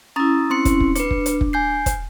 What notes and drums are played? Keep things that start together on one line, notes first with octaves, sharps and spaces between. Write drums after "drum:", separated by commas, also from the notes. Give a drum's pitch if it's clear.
C#4 E4 A#5 D#6 A6
C4 C6 C#7
drum: kick, hi-hat
drum: kick
D4 B4 C#7, drum: hi-hat
drum: kick
drum: hi-hat
drum: kick
G#5 G6 C7
drum: kick, hi-hat